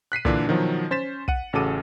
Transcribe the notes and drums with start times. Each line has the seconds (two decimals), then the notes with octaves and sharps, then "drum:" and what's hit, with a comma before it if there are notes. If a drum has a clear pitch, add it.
0.12 F#6 B6 C7 D#7
0.25 A#2 D3 E3 D4, drum: kick
0.47 B2 D#3 F3 F#3
0.91 C#4 C5 A6 B6 E7
1.28 F#5 D#7, drum: kick
1.53 A1 C#3 F#4 A4 D6 D#7